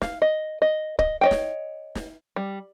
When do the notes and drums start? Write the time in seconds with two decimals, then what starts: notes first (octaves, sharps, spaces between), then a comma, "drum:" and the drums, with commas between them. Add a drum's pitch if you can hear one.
0.02 F5, drum: snare
0.22 D#5
0.62 D#5
0.99 D#5, drum: kick
1.21 C#5 D#5 G5
1.31 drum: snare
1.95 drum: snare
2.36 G3